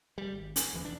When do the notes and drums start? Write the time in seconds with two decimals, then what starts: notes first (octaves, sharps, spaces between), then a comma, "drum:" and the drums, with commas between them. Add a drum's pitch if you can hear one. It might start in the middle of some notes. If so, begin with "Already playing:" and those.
0.18 G3
0.32 G#1
0.56 C#4, drum: hi-hat
0.73 E1 B1 E3
0.85 E1 D4